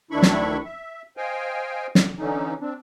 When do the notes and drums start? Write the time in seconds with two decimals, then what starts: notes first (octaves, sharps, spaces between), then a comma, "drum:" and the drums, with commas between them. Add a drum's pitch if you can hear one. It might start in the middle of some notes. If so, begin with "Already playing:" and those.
0.11 D2 D#3 D4 E4 B5 C#6
0.23 drum: snare
0.65 E5
1.17 C5 D#5 F5 G5 G#5
1.95 drum: snare
2.19 D3 E3 C#4 D#4
2.60 C4 D4